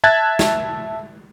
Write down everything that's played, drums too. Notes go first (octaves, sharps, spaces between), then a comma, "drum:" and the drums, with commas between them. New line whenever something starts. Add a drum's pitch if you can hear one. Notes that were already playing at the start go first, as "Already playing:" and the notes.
E5 A5 F#6 G#6 A6
drum: snare